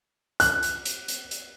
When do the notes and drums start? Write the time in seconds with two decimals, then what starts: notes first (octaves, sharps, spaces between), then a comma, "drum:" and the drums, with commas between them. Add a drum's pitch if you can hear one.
0.40 F#6, drum: hi-hat
0.63 drum: hi-hat
0.86 drum: hi-hat
1.08 drum: hi-hat
1.31 drum: hi-hat